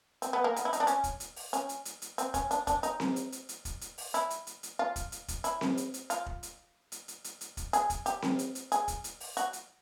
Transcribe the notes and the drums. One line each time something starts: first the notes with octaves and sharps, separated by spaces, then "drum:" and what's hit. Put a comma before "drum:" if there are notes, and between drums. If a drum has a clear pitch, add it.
C4, drum: hi-hat
B3
A#3
B3, drum: hi-hat
E4
D#4, drum: hi-hat
D4
C#4, drum: hi-hat
drum: kick, hi-hat
drum: hi-hat
drum: open hi-hat
C#4, drum: hi-hat
drum: hi-hat
drum: hi-hat
drum: hi-hat
C4, drum: hi-hat
C#4, drum: kick, hi-hat
D4, drum: hi-hat
D4, drum: kick, hi-hat
D#4, drum: hi-hat
drum: snare C4
drum: hi-hat
drum: hi-hat
drum: hi-hat
drum: kick, hi-hat
drum: hi-hat
drum: open hi-hat
E4, drum: hi-hat
drum: hi-hat
drum: hi-hat
drum: hi-hat
F4
drum: kick, hi-hat
drum: hi-hat
drum: kick, hi-hat
E4, drum: hi-hat
drum: snare C4
drum: hi-hat
drum: hi-hat
F4, drum: hi-hat
drum: kick
drum: hi-hat
drum: hi-hat
drum: hi-hat
drum: hi-hat
drum: hi-hat
drum: kick, hi-hat
G#4, drum: hi-hat
drum: kick, hi-hat
G4, drum: hi-hat
drum: snare C4
drum: hi-hat
drum: hi-hat
G#4, drum: hi-hat
drum: kick, hi-hat
drum: hi-hat
drum: open hi-hat
F#4, drum: hi-hat
drum: hi-hat